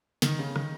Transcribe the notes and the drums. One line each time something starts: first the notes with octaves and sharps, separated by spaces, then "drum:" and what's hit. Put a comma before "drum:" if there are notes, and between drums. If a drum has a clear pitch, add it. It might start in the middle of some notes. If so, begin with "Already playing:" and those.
D#3, drum: snare
C#3
D#3, drum: rim click